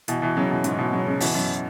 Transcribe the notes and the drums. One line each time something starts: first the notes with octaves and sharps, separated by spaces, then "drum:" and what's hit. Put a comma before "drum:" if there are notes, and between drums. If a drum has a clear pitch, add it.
B2 E3, drum: hi-hat
B2 E3
C#3 F#3
B2 E3
G#2 C#3, drum: hi-hat
B2 E3
C#3 F#3
C#3 F#3
B2 E3, drum: open hi-hat
F#2 B2